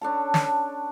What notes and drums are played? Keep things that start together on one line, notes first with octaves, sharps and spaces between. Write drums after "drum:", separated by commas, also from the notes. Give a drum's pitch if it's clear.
C#4 D4 A4 A5
drum: snare